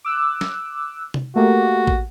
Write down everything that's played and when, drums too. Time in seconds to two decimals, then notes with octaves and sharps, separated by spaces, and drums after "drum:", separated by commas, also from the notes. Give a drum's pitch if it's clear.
0.05 D6 E6 F#6
0.41 drum: snare
1.14 drum: tom C3
1.36 A3 A#3 F#4 G4
1.87 drum: kick A1